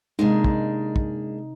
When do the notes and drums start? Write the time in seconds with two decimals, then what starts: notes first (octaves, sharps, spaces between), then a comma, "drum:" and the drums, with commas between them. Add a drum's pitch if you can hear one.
0.19 C3 G#3 A#3 D4 D#4
0.44 drum: kick
0.96 drum: kick